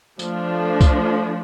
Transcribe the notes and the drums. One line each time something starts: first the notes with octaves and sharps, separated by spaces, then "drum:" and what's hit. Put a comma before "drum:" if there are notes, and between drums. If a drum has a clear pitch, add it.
F3 A3 D4, drum: tambourine
drum: kick C2, tambourine